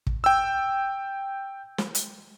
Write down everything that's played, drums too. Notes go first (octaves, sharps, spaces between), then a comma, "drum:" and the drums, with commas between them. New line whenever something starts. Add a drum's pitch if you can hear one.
drum: kick
G5 E6
drum: snare
drum: hi-hat